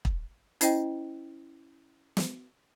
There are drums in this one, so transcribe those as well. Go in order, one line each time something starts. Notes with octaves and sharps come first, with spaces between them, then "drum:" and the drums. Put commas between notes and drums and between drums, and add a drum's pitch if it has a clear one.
drum: kick
C#4 E4 C5 D#5 G5, drum: hi-hat
drum: snare